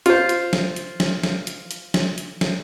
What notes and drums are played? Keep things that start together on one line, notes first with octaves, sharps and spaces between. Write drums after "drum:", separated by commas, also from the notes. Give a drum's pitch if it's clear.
F4 C5, drum: hi-hat
drum: hi-hat
drum: snare
drum: hi-hat
drum: snare
drum: snare
drum: hi-hat
drum: hi-hat
drum: snare
drum: hi-hat
drum: snare